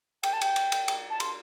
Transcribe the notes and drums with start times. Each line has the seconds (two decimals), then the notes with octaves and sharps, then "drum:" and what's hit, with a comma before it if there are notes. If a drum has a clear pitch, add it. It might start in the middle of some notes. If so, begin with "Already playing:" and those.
0.23 G5, drum: cymbal
0.33 A5
0.41 G5, drum: cymbal
0.56 drum: cymbal
0.72 drum: cymbal
0.88 drum: cymbal
1.10 A5
1.20 C6, drum: cymbal